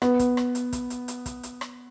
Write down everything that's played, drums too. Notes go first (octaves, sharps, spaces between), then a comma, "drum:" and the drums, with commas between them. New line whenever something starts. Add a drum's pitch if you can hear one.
B3, drum: rim click
drum: kick, hi-hat
drum: rim click
drum: hi-hat
drum: kick, hi-hat
drum: hi-hat
drum: hi-hat
drum: kick, hi-hat
drum: hi-hat
drum: rim click